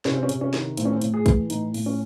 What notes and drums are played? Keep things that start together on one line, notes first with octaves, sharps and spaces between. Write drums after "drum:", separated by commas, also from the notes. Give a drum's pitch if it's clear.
C3 C#4, drum: snare
C4
C#4
C3, drum: hi-hat
C#4
D#3, drum: snare
A2 C4, drum: hi-hat
C#4
C4
A2, drum: hi-hat
G#4
E3, drum: kick, hi-hat
A2 D#4, drum: hi-hat
A2, drum: open hi-hat
C#4